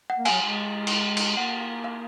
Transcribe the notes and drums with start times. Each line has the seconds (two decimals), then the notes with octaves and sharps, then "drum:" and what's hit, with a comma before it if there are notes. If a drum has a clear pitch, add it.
0.10 F#5
0.18 A#3
0.25 F#3 F5 G#5, drum: cymbal
0.41 G#3
0.87 drum: cymbal
1.17 drum: cymbal
1.37 A#3 F#5
1.84 F5